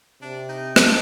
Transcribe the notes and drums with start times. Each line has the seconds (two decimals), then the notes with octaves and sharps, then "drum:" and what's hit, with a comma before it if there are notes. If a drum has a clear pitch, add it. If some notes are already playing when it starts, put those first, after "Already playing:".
0.22 C3 D4
0.49 D#4
0.76 D4, drum: rim click